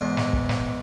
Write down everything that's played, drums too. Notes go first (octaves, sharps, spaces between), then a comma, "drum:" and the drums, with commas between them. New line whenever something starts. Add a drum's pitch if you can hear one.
E2 G#2
drum: snare
drum: kick
drum: snare